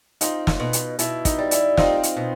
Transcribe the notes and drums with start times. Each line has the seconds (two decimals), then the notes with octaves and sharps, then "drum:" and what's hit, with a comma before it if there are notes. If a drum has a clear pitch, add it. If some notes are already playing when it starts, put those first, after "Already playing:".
0.21 C4 D#4 F4, drum: hi-hat
0.47 drum: snare
0.60 B2
0.73 drum: hi-hat
0.99 B2 E4, drum: hi-hat
1.25 D#4, drum: kick, hi-hat
1.38 G3
1.51 E4, drum: hi-hat
1.77 C4 D#4 F4, drum: snare
2.03 drum: hi-hat
2.17 B2